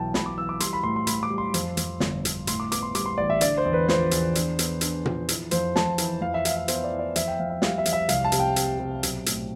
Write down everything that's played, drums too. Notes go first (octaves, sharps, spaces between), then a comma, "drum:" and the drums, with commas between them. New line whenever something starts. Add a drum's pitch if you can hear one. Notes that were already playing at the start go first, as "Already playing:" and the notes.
Already playing: B1 E3 G5 A5
B1 B5, drum: snare
D6
E3 E6
D6
G3 C6, drum: hi-hat
B5
A2 C6
C6
A2 B5, drum: hi-hat
D6
G3
C6
F2, drum: hi-hat
F2, drum: hi-hat
G1, drum: snare
G1, drum: hi-hat
A2 C6, drum: hi-hat
D6
B3 D6, drum: hi-hat
C6
G3 D6, drum: hi-hat
C6
A1 D5
E5
D3 D5, drum: hi-hat
C5
E2
B4
F3 C5, drum: snare
E2, drum: hi-hat
D4, drum: hi-hat
B3, drum: hi-hat
D4, drum: hi-hat
F3, drum: tom A#2
E3, drum: hi-hat
F2 C5, drum: hi-hat
F2 A5, drum: snare
E3, drum: hi-hat
F2 F5
E5
E4 F5, drum: hi-hat
E5
B3 C5, drum: hi-hat
D5
E4
D5
F2 E5, drum: hi-hat
G5
F2 F5
E5
G3 F5, drum: snare
E5
F2, drum: hi-hat
E5
C2 F5, drum: hi-hat
A5
C3, drum: hi-hat
G5
C3, drum: hi-hat
C3
B1, drum: hi-hat
A2, drum: hi-hat